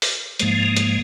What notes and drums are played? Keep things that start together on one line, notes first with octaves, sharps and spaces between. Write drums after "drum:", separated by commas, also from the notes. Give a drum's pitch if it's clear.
drum: open hi-hat
G#2 F3 G#3 A#3, drum: hi-hat
drum: hi-hat